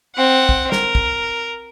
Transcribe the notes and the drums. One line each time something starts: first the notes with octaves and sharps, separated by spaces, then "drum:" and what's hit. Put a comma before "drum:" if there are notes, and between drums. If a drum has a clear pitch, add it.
C4 F#5
drum: kick
A#4, drum: snare
drum: kick